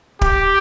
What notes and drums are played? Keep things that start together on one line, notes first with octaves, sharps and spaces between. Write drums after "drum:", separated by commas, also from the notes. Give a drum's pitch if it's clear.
G4, drum: kick